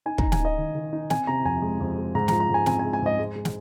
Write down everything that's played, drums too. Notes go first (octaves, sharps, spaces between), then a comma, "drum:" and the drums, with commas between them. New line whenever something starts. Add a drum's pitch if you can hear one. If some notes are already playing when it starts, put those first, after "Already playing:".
D#4 G#5
D#4 A#5, drum: kick
G#5, drum: snare
D#4 D#5
D#3
D#3
D#4
C4 G#5, drum: snare
C3 A#5
F2 G#5
G#3
F2
G#3
G#2 A#5
A#5, drum: snare
F3
A#5
G#2 G#5
C4 G#5, drum: snare
G#5
G#3
G#5
G#2 D#5
G#3
G#3
drum: snare